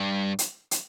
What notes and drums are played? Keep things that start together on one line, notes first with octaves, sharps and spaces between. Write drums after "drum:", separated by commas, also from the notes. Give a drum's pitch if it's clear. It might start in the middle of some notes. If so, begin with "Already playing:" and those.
Already playing: G2
drum: hi-hat
drum: hi-hat